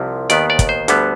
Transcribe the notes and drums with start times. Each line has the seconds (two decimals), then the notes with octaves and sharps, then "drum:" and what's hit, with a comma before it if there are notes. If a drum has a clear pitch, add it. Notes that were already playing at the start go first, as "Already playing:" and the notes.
Already playing: C2 C3 F3
0.30 D#2 D#3 B3 D5, drum: hi-hat
0.50 D5
0.59 drum: kick, hi-hat
0.69 C5
0.88 D2 D3 G3 B3, drum: hi-hat